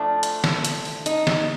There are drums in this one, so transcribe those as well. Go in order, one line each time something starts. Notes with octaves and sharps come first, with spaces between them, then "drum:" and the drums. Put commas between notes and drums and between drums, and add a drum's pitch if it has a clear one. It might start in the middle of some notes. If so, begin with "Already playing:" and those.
Already playing: A2 F3 A3 D4
drum: hi-hat
drum: snare
drum: hi-hat
drum: open hi-hat
D#4, drum: hi-hat
drum: snare